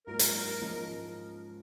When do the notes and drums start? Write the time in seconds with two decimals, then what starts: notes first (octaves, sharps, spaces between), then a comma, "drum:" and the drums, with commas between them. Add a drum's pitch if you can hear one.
0.07 G#2 F#3 A#3 F4 A#4
0.19 drum: hi-hat
0.61 G#2 F3 G#3 C#4